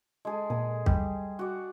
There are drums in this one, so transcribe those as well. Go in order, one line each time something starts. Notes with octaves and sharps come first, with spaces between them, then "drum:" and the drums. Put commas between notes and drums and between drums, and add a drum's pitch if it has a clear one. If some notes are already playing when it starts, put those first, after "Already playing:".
G#3 G#4 A4
A#2 G#4
G3, drum: kick
F#4 D5